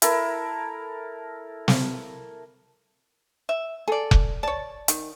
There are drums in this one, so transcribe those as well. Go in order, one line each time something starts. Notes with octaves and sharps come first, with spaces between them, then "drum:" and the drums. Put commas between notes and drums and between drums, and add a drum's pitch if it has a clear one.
E4 A4 A#4, drum: hi-hat
drum: snare
E5
G#4 A4 D5
drum: kick F1
C#5 D5 A5
D#3, drum: hi-hat